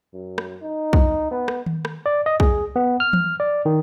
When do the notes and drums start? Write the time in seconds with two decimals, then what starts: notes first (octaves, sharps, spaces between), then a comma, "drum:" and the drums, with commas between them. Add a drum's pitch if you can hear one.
0.14 F#2
0.38 drum: rim click
0.62 D#4
0.93 drum: kick B1
1.31 B3
1.48 drum: rim click
1.66 drum: tom D#3
1.85 drum: rim click
2.06 D5
2.26 D#5
2.40 G#4, drum: kick B1
2.76 B3
3.00 F6
3.13 drum: tom E3
3.40 D5
3.65 D#3